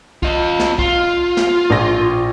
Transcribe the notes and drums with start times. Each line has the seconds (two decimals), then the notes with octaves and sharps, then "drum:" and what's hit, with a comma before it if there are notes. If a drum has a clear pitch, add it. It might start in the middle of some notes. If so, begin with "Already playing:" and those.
0.23 F4 D#5, drum: kick
0.59 drum: snare
0.79 F4, drum: kick
1.37 drum: snare
1.70 A#1 A#6